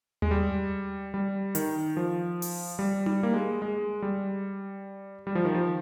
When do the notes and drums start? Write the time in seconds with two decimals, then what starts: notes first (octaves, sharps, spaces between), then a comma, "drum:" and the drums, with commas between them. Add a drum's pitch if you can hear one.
0.22 G#3, drum: tom D#2
0.31 G3
1.14 G3
1.55 D#3, drum: hi-hat
1.97 F3
2.42 drum: open hi-hat
2.79 G3
3.06 G3, drum: tom D#4
3.23 A#3
3.34 G#3
3.62 G#3
4.02 G3
5.27 G3
5.35 F3
5.45 D#3
5.54 F3